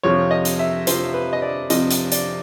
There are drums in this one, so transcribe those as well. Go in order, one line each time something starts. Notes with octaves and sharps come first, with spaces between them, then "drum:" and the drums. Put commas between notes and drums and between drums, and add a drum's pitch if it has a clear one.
F2 C3 F3 C#5
D#5
drum: hi-hat
E5
F2 C3 F3 C5, drum: hi-hat
B4
D#5
D5
F2 C3 F3 D#5, drum: hi-hat
drum: hi-hat
D5, drum: hi-hat